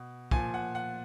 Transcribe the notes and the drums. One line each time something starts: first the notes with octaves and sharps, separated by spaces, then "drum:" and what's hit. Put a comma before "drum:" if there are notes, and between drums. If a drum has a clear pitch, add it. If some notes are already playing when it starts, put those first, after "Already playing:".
Already playing: B2
A#2 F3 G#5, drum: kick
F#5
F#5